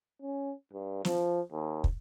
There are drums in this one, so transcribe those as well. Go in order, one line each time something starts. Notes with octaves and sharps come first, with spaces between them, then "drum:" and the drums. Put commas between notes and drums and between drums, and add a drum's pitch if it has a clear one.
C#4
G2
F3, drum: snare
D#2
drum: kick